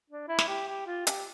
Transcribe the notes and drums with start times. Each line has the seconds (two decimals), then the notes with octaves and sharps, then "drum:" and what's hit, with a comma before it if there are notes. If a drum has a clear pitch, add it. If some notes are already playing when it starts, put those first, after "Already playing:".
0.10 D4
0.28 E4
0.39 drum: snare
0.48 G4
0.68 G4
0.87 F4
1.07 G4, drum: hi-hat